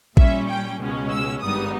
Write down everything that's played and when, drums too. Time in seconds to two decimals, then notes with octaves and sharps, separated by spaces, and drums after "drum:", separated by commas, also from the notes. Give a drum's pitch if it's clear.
0.17 A#2 G3 C#4 E5, drum: kick A1
0.48 G5
0.80 C#2 B2 G#3 C#4
1.11 E6
1.42 G#1 G2 G3 B3 D#4 D#6